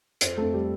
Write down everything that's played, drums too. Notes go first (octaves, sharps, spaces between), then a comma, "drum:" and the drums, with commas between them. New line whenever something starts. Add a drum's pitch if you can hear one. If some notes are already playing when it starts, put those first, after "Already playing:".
F2 C4 C5, drum: hi-hat
F2 A3 A4
G3 G4